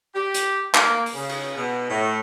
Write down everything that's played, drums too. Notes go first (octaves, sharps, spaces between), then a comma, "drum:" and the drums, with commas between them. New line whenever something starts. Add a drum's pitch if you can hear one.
G4
drum: hi-hat
A#3, drum: clap
drum: open hi-hat
C#3
drum: cymbal
B2
A2